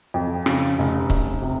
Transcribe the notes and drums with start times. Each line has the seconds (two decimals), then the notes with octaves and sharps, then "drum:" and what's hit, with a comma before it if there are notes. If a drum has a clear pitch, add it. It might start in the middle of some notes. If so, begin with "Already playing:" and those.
0.14 F2
0.46 C#3, drum: rim click
0.78 F1
1.10 F1, drum: kick
1.42 C3